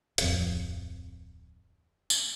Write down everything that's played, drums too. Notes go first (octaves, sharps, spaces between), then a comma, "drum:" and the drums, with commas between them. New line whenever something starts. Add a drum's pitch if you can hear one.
D1 F2, drum: hi-hat
drum: tambourine